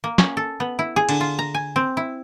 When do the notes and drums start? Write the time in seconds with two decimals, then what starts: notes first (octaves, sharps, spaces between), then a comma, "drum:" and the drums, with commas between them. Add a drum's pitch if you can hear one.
0.04 A#3
0.18 C#4, drum: snare
0.37 A4
0.60 B3
0.79 E4
0.96 G#4
1.09 D3, drum: cymbal
1.21 F4
1.39 A#5
1.54 G#5
1.76 C4
1.97 E4